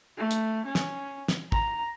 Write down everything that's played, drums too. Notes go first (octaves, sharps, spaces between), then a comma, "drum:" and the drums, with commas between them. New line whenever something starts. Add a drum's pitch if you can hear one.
A3
drum: hi-hat
C#4
drum: snare
drum: snare
A#5, drum: kick